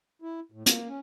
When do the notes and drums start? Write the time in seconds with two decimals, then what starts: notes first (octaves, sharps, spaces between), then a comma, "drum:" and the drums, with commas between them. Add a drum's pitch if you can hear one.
0.22 E4
0.52 A2
0.66 A#3, drum: hi-hat
0.88 C#4